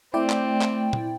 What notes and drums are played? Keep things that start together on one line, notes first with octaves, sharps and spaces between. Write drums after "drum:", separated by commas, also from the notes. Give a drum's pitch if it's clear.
A3 C4 E4 D5 G5
drum: clap
drum: clap
drum: tom